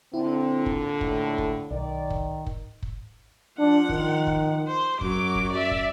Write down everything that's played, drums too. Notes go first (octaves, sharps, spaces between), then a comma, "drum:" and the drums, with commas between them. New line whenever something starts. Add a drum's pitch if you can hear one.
A#2 D3 C4 E4
drum: kick
A2, drum: kick
drum: kick
B1 D#3 D5
drum: kick
drum: kick
drum: kick
F3 D4 F#5
D#3, drum: kick
drum: kick
C5
F#2 F#3 D6, drum: kick
drum: kick
D5 E5
drum: kick